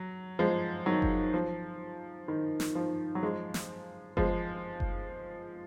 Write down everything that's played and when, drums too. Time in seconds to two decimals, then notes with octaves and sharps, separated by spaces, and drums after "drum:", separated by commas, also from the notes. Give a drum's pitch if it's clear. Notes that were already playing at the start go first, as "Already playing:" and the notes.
Already playing: F#3
0.39 F3 G#3
0.86 D#3 F#3
1.02 drum: kick F#1
1.34 F3
2.28 D#3
2.60 drum: snare
2.75 F3
3.15 F#3
3.23 F3 G#3
3.54 drum: snare
4.17 F3 G#3, drum: kick F#1
4.80 drum: kick F#1